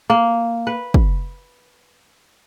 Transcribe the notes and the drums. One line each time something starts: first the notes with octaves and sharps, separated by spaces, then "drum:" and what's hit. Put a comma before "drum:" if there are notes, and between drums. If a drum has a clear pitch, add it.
A#3
B4
drum: kick